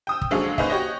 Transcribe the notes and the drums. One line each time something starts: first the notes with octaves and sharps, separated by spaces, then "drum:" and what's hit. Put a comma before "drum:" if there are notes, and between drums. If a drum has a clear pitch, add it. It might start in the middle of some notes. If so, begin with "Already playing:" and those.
G5 D#6 E6
drum: kick
D3 F3 F#3 G#3 A#3 C#4
A#3 C#4 D#4 B4 C5, drum: kick
F#4 G4 C#5 D#5